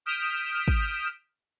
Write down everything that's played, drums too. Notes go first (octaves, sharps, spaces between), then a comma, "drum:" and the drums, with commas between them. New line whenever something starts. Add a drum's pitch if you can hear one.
D#6 F6 G6 B6 D7 E7
drum: kick